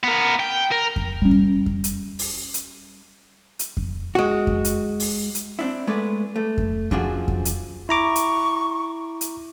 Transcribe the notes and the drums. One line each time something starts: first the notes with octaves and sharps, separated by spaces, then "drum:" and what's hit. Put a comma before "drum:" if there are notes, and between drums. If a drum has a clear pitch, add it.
B3 A#4
G5
A#4
drum: kick F2
G3 C#4
drum: kick F2
drum: kick F2
drum: hi-hat
drum: open hi-hat
drum: hi-hat
drum: hi-hat
drum: kick F2
G#3 F#4
drum: kick F2
drum: hi-hat
drum: open hi-hat
drum: hi-hat
C4 D4 E4
G#3 A3 B3 B4 D5
A3
drum: kick F2
F#2 F3 D4 F4 F#4 G#4, drum: kick F2
drum: kick F2
drum: hi-hat
E4 A#5 C#6 D6
drum: hi-hat
drum: hi-hat